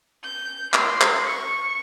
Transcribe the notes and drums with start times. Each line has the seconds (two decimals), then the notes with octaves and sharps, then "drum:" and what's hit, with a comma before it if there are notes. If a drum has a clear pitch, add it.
0.24 G6
0.74 C6, drum: clap
1.01 drum: clap
1.27 C#6